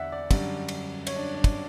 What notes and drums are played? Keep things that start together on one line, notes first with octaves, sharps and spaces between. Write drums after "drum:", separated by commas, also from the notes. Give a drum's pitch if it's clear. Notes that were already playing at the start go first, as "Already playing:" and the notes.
Already playing: E2 D3 D5 E5 F#5
D5
F#2 D3 G3, drum: kick, cymbal
drum: cymbal
C#5, drum: cymbal
D4
D4
drum: kick, cymbal